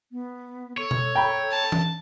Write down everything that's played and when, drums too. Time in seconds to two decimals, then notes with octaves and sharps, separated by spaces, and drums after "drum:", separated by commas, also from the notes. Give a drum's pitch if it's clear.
0.12 B3
0.78 A4 C#5
0.91 drum: tom B2
1.15 G5 A#5 B5
1.52 A5
1.72 drum: tom E3